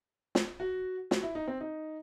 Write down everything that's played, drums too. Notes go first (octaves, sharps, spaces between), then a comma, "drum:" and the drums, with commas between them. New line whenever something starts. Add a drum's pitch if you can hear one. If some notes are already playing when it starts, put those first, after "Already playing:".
drum: snare
F#4
F#4, drum: snare
E4
D#4
C4
D#4